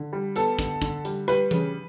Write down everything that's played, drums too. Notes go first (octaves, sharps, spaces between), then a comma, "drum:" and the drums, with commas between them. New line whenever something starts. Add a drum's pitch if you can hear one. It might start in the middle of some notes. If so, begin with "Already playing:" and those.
Already playing: D3
G3
B3 A4, drum: hi-hat
D3, drum: kick, hi-hat
D3, drum: kick
G3, drum: hi-hat
G3 B4, drum: rim click
C#3, drum: tom E3